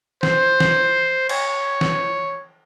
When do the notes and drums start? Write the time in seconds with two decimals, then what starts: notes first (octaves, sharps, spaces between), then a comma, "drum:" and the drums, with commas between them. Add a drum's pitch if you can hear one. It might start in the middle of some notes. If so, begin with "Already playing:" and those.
0.23 C5, drum: snare E3
0.60 drum: snare E3
1.29 C#5, drum: cymbal
1.81 drum: snare E3